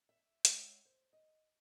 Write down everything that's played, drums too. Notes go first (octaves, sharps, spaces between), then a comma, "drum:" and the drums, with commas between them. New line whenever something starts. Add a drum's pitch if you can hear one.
E5
G#3 C#5 E5 F#5 G5, drum: hi-hat
C5
D#5